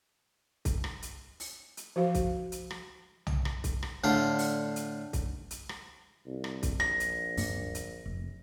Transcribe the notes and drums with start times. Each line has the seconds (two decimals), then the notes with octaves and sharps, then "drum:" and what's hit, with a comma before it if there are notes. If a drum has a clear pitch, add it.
0.65 drum: kick C2, hi-hat
0.84 drum: rim click
1.02 drum: hi-hat
1.40 drum: open hi-hat
1.77 drum: hi-hat
1.96 F3 F#4 C5 F5
2.14 drum: kick C2, hi-hat
2.52 drum: hi-hat
2.71 drum: rim click
3.27 drum: tom
3.45 drum: rim click
3.64 drum: kick C2, hi-hat
3.83 drum: rim click
4.04 A2 D3 F4 D5
4.39 drum: open hi-hat
4.76 drum: hi-hat
5.13 drum: kick C2, hi-hat
5.51 drum: hi-hat
5.69 drum: rim click
6.26 C2
6.44 drum: rim click
6.63 drum: kick C2, hi-hat
6.80 A#1 A#6, drum: rim click
7.00 drum: hi-hat
7.37 D1 G2 A#3, drum: open hi-hat
7.75 drum: hi-hat
8.06 F1